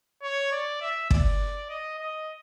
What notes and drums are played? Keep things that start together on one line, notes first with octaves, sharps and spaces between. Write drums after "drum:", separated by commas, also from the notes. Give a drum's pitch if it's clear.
C#5
D5
E5
D5, drum: kick
D#5
D#5